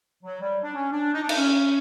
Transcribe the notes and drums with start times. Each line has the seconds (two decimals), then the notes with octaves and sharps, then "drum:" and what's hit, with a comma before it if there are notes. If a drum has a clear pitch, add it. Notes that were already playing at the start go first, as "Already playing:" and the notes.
0.24 F#3
0.41 G3
0.64 D4
0.75 C#4
0.92 D4
1.14 D#4
1.22 D4
1.29 D#4, drum: cymbal
1.37 C#4